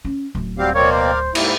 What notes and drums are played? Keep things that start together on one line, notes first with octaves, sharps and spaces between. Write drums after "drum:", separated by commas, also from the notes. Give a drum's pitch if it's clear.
C#4
D1
F#3 G3 C4 G4 F5
B2 A#3 C4 A#4 C#5 D5 F5
C5
G#2 G3 A#3 E4, drum: cymbal